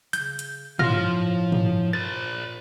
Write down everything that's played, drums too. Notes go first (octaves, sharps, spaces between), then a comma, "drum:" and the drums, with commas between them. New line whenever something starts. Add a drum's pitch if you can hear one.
C#3 G6, drum: hi-hat
drum: hi-hat
A2 F3 F4 C6 F6 A#6, drum: tom
drum: tom
A#2 A#4 C5 A6